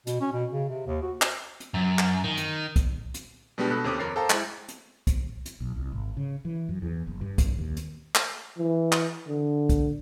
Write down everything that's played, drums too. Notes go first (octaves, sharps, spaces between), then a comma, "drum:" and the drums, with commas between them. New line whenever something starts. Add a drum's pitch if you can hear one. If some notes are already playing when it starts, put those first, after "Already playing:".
B2, drum: hi-hat
C#4
B2
C#3
C3
D#2
F#4
drum: clap
drum: hi-hat
F#2
drum: clap
D#3
drum: hi-hat
drum: kick, hi-hat
drum: hi-hat
B2 G3 G#3 B3 D4 G4
B2 A4 B5 F#6
D#2 C3 C#4 A4 D6 D#6
F2 A#4 C#5 A6 C7
A4 C5 F5 G5 A5 A#5
G#3 E4, drum: clap
drum: hi-hat
drum: kick, hi-hat
drum: hi-hat
B1
C2
G#1
C#3
E3
F#2
E2
F#1
G2
drum: kick, hi-hat
D#2
drum: hi-hat
drum: clap
E3
drum: clap
D3
drum: kick, hi-hat